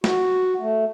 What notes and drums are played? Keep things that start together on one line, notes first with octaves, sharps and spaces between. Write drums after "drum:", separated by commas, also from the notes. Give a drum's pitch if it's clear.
F#4, drum: snare
A3